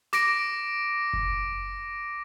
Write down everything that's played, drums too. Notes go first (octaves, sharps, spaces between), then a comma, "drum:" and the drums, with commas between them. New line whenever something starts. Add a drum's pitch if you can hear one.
D6 A#6 D7, drum: snare
drum: kick F#1